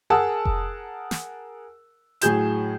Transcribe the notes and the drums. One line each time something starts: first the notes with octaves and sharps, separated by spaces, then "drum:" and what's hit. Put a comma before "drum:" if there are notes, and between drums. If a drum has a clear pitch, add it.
G#4 A#4 F#5 A5 D#6 E6
drum: kick F1
drum: snare
A2 F#3 G#4 G6 E7, drum: hi-hat